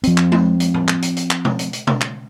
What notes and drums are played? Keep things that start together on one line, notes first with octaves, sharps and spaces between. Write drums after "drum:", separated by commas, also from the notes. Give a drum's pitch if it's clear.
F3 C4, drum: hi-hat
drum: clap
drum: tom G#3
drum: hi-hat
drum: tom
drum: clap
drum: hi-hat
drum: hi-hat
drum: clap
drum: tom B2
drum: hi-hat
drum: hi-hat
drum: tom B2
drum: clap